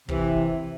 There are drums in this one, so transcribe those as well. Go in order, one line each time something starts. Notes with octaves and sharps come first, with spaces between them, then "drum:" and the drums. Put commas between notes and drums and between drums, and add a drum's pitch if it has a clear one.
C3 E3, drum: kick